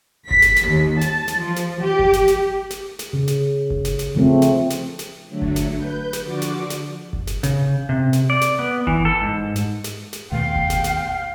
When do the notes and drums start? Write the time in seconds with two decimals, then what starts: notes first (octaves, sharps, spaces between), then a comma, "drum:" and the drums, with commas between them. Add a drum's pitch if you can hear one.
0.31 B6, drum: kick G1
0.42 drum: snare
0.56 drum: snare
0.67 D#2
1.01 A5, drum: snare
1.28 drum: snare
1.39 F3
1.56 drum: snare
1.83 G4
1.99 drum: kick G1
2.13 drum: snare
2.28 drum: snare
2.70 drum: snare
2.99 drum: snare
3.13 C#3
3.28 drum: snare
3.70 drum: kick G1
3.85 drum: snare
3.99 drum: snare
4.15 C#3 F3 A3 C4
4.42 drum: snare
4.70 drum: snare
4.99 drum: snare
5.28 D3 F#3 A3
5.42 drum: kick G1
5.56 drum: snare
5.77 B4 G6
6.13 drum: snare
6.23 D3 F3 F#4 D5 D6
6.42 drum: snare
6.70 drum: snare
7.13 drum: kick G1
7.27 drum: snare
7.43 C#3, drum: snare
7.89 C3
8.13 drum: snare
8.30 D5
8.41 drum: snare
8.59 B3
8.87 E3, drum: kick G1
9.05 A4
9.21 G#2
9.56 drum: snare
9.84 drum: snare
10.13 drum: snare
10.32 D#2 B2 A3 F5 G5
10.56 drum: kick G1
10.70 drum: snare
10.84 drum: snare